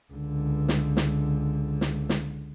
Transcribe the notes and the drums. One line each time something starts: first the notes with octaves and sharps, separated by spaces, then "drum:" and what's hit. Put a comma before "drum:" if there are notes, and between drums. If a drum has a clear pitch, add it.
C#2 D3
drum: snare
drum: snare
drum: snare
drum: snare